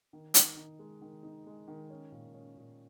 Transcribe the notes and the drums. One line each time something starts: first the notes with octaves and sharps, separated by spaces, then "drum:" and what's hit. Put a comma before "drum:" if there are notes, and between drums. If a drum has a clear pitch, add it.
D#3
D#4, drum: hi-hat
D#3
G#3
D#3
D#4
G#3
D#3
C#4
A#2
C#4
A#2